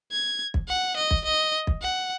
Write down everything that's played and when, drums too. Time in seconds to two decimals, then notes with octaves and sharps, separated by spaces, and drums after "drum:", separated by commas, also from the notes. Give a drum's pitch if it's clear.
0.12 G#6
0.54 drum: kick
0.68 F#5
0.96 D#5
1.11 drum: kick
1.25 D#5
1.67 drum: kick
1.82 F#5